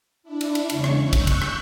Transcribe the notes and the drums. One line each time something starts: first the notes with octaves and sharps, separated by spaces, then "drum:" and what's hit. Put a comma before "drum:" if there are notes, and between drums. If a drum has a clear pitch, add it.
D4 E4
drum: cymbal
drum: cymbal
E2 C#3 G#3 C#5 C#6, drum: cymbal
drum: rim click
C#6 E6 F#6 G6
drum: kick, cymbal
drum: kick, cymbal
drum: rim click